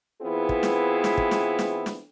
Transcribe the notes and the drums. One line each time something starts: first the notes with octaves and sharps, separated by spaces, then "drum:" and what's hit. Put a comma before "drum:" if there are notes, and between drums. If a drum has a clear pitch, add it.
E3 B3 C4 E4 F4 G#4
drum: kick
drum: snare
drum: snare
drum: kick
drum: snare
drum: snare
drum: snare